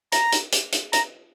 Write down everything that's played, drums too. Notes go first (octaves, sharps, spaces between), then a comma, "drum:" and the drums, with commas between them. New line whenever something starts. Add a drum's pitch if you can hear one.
A#5, drum: hi-hat
drum: hi-hat
drum: hi-hat
drum: hi-hat
A#5, drum: hi-hat